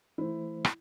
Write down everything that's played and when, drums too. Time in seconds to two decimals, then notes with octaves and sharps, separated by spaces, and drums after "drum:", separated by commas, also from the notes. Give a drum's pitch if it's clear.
0.18 E3 A3 E4 C5
0.65 drum: rim click